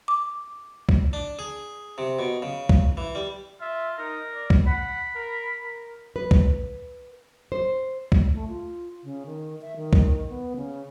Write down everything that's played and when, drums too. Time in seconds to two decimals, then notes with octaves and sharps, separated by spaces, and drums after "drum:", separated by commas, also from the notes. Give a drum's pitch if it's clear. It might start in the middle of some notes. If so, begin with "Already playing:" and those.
0.08 D6
0.89 drum: kick
1.13 D4
1.39 G#4
1.98 C3
2.19 B2
2.42 C#3
2.69 drum: kick
2.97 E3
3.15 G3
3.61 F4 E5
3.98 D#4 A#4
4.34 D5
4.50 drum: kick
4.67 F#5 B5
5.15 A#4
5.63 A#4
6.16 B4
6.31 drum: kick
7.52 C5
8.12 drum: kick
8.33 A3
8.48 F4
9.04 C#3
9.26 D#3
9.61 E5
9.76 D#3
9.93 drum: kick
10.29 B3
10.56 C#3